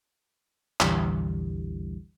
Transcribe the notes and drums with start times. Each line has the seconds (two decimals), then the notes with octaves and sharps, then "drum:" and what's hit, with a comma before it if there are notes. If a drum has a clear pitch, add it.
0.80 A#1 E2 A#2 D3 E3 G3, drum: clap